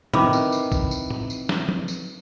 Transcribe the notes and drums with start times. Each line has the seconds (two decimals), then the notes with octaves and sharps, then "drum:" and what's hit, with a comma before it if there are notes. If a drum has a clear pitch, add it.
0.14 D#3 C4 E4 B4 B5 D6, drum: tom
0.33 drum: tambourine
0.52 drum: tambourine
0.72 drum: kick A#1, tambourine
0.91 drum: tambourine
1.10 drum: tom A2
1.30 drum: tambourine
1.49 drum: snare
1.69 drum: tom F3
1.88 drum: tambourine